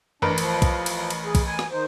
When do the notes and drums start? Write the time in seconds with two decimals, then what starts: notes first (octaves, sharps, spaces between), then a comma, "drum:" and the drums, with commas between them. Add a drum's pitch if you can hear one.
0.22 A1 D4 A#4 B4
0.38 F3, drum: cymbal
0.62 drum: kick, cymbal
0.86 drum: cymbal
1.10 drum: cymbal
1.25 G#4
1.35 drum: kick, cymbal
1.46 G#5
1.59 drum: rim click
1.72 D#3 D#4 C5